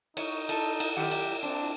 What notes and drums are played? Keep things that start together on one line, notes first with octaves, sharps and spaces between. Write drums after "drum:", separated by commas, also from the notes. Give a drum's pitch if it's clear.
D#4 C#5, drum: cymbal
A4, drum: cymbal
drum: cymbal
F#2 D#3 G4 F#5
drum: cymbal
C4 D4